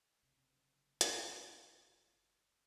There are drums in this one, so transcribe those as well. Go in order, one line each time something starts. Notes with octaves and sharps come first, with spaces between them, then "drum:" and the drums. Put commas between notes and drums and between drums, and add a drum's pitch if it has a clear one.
F#1 C3
drum: hi-hat